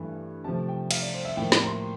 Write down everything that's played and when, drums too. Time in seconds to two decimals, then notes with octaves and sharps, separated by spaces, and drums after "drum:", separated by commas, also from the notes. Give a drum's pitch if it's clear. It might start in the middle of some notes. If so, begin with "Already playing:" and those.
Already playing: G2 E3 A3
0.44 C3 F3 A3 A5
0.68 G5
0.91 F5, drum: cymbal
1.02 D5
1.14 C5
1.25 E5
1.37 A2 F3 A#3 G5
1.52 drum: snare
1.63 A#5
1.67 C6